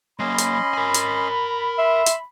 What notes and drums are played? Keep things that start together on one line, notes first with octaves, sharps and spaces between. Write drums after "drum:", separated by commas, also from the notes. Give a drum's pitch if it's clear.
F#3 A#3 C#4 D#5 B5 C6
drum: hi-hat
A#4 G#5
drum: hi-hat
E5 C6
drum: hi-hat